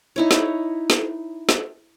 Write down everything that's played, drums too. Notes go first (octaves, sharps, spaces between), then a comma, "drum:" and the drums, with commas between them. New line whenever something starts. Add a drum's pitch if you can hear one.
D#4 E4 C#5
drum: snare
drum: snare
drum: snare